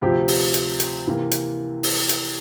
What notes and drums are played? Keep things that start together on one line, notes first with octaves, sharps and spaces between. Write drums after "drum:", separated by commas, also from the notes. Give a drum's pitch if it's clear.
D2 C3 F3 C4 G4
drum: open hi-hat
drum: hi-hat
drum: hi-hat
C3 E3 A#3
drum: hi-hat
drum: open hi-hat
drum: hi-hat